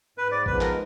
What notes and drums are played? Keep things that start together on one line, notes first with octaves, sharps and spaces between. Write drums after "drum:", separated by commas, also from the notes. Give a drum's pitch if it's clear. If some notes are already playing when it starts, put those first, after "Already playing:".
G#2 B4
D5
F3 G#3 B3 D#4 B4, drum: kick A1
A#4, drum: clap